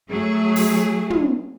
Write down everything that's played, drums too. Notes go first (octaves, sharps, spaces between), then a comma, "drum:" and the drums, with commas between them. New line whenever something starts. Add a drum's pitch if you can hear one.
F#3 A3 G#4
drum: open hi-hat
drum: tom